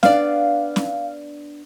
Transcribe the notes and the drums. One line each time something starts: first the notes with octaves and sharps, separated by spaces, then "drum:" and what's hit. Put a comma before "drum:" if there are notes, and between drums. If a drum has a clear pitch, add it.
B3 D4 D5 F5, drum: snare
drum: snare